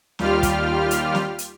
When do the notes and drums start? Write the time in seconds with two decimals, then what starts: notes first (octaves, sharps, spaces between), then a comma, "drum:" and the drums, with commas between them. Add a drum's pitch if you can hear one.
0.19 D#2 G3 F4 G4 F6, drum: snare
0.43 drum: kick, hi-hat
0.91 drum: hi-hat
1.15 drum: snare
1.38 drum: hi-hat